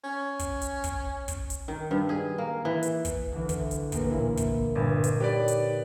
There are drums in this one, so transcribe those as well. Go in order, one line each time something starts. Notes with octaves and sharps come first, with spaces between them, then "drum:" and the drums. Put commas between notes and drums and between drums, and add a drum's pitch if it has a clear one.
C#4
drum: kick, hi-hat
drum: hi-hat
drum: kick, hi-hat
drum: kick, hi-hat
drum: hi-hat
D#3
G2
G#4
A#3
E3
drum: hi-hat
drum: kick, hi-hat
D2 E3
drum: kick, hi-hat
drum: hi-hat
A1 A#3 A#4, drum: kick, hi-hat
A#2 E4
drum: kick, hi-hat
G1 A#2 B4
drum: hi-hat
D#4 G4 B4 C#5 D5
drum: hi-hat